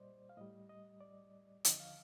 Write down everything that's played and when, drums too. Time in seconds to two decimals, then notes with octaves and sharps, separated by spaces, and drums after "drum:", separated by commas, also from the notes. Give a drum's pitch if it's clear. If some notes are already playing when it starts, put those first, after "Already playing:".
Already playing: A#2 G3 C5 D5 D#5
0.29 F5
0.37 A2 G3 D#5
0.69 D#5
1.01 D5
1.65 D#2 D3 F3 D#5, drum: hi-hat
1.80 F5